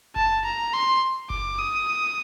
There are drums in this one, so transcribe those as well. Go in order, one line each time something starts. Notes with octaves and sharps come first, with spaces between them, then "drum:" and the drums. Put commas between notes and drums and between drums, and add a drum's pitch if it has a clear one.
A5, drum: kick F#1
A#5
C6
D6, drum: kick F#1
D#6